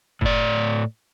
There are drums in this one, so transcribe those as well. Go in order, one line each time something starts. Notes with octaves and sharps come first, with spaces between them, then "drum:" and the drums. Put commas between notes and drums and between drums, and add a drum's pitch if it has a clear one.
A2 D5, drum: kick F#1